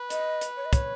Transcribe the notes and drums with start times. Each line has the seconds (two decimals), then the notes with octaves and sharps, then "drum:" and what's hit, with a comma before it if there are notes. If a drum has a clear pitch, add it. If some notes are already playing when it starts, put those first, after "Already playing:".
Already playing: B4
0.10 D#5, drum: hi-hat
0.41 drum: hi-hat
0.57 C#5
0.65 D#5
0.73 C#5, drum: kick, hi-hat